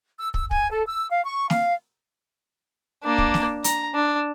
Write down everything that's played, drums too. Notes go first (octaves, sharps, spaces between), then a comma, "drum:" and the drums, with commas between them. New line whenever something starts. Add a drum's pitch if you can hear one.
E6
E6, drum: kick
G#5, drum: kick
A4
E6
F5
C#6
F5, drum: snare
A#3 D4
drum: kick
drum: snare
A#5, drum: hi-hat
D4